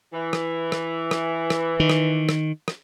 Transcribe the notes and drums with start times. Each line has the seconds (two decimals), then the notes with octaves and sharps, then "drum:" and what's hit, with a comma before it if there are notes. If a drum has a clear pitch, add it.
0.13 E3
0.33 drum: rim click
0.72 drum: rim click
1.11 drum: rim click
1.50 drum: rim click
1.80 D#3
1.90 drum: rim click
2.29 drum: rim click
2.68 drum: rim click